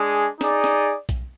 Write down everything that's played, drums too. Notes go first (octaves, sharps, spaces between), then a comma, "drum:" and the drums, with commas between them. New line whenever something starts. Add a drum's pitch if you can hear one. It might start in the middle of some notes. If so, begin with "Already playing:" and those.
Already playing: G#3 D4 G#4
D#4 G#4 D5, drum: snare
drum: snare
drum: kick B1, hi-hat